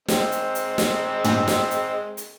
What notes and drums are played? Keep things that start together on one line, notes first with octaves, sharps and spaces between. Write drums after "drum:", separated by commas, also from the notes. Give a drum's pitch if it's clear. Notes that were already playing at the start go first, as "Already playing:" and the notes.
G#3 C4, drum: snare
drum: hi-hat
drum: hi-hat
drum: snare
drum: tom
drum: snare
drum: hi-hat
drum: hi-hat